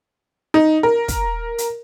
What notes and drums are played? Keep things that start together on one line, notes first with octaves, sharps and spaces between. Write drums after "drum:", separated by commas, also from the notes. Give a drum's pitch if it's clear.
D#4
A#4
drum: kick, hi-hat
drum: hi-hat